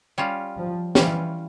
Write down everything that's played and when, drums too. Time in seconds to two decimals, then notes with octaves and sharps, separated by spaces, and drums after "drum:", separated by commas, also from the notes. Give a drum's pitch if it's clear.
0.18 G3 C#4 F4
0.57 F3
0.95 E3 G3 C#4 F4, drum: snare